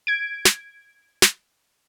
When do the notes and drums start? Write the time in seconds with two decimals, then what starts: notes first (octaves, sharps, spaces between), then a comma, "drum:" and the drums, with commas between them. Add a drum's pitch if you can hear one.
0.07 G#6 D7
0.45 drum: snare
1.22 drum: snare